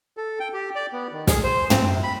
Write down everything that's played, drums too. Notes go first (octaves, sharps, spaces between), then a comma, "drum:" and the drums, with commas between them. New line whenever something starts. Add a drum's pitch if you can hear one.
A4
G5
G4
D5
B3
D#3
G#4, drum: snare
C5
C4, drum: tom
C3
B5